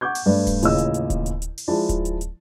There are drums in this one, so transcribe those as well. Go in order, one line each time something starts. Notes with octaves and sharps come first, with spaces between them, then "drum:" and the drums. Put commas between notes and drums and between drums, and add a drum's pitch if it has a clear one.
F#5 C#6 D6 G6 G#6
drum: open hi-hat
G2 A3 D4 B4 D5
drum: kick D1, open hi-hat
A1 D#2 C#3 F4 D#5 E6, drum: hi-hat
drum: hi-hat
drum: hi-hat
drum: kick D1, hi-hat
drum: hi-hat
drum: hi-hat
drum: open hi-hat
F3 G#3 E4 D5 A5
drum: kick D1, hi-hat
drum: hi-hat
drum: hi-hat